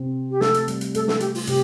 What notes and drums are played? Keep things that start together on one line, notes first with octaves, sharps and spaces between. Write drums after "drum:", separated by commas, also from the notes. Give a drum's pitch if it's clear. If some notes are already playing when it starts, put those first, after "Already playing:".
Already playing: C3 C4
G4
A3 A4, drum: snare
drum: hi-hat
G3, drum: hi-hat
drum: hi-hat
A3 A4, drum: hi-hat
A4, drum: snare
G4, drum: hi-hat
F4, drum: open hi-hat
C3 C4 G4, drum: hi-hat